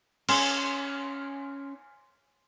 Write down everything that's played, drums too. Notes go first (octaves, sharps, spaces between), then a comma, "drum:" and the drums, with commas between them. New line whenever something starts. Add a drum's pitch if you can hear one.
C#4 G#5 C6 F6, drum: cymbal